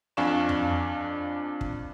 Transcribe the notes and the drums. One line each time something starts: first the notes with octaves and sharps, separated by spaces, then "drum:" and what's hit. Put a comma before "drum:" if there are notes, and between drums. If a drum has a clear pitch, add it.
F2 D4 F5 G#5 C#6 E7
drum: tom F2
drum: kick